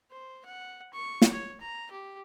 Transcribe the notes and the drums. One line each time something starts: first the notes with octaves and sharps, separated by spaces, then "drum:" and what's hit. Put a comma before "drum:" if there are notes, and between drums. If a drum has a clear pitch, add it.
C5
F#5
C#6
drum: snare
C#5
A#5
G4